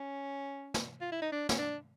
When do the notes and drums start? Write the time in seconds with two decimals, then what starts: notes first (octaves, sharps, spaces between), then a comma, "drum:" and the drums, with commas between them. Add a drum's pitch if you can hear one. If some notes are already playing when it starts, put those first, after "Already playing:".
Already playing: C#4
0.74 drum: snare
1.01 F4
1.12 E4
1.22 D#4
1.32 D4
1.49 C#4, drum: snare
1.58 D4